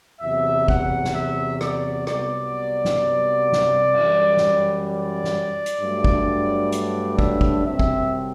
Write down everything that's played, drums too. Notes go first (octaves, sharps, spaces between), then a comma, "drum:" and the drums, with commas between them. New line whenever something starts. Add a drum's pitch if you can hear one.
E2 C3 F#3 E5
F#5, drum: kick
drum: snare
E5
D5, drum: rim click
C2 C3 F#3 B3 D5, drum: rim click
drum: snare
drum: snare
F#2 E3 G3, drum: cymbal
drum: snare
D5
drum: snare
drum: hi-hat
G2 F#3 A3 D4
drum: kick
D5, drum: hi-hat
E5, drum: kick
drum: kick
C2 C3 F#3 C4 E5
drum: kick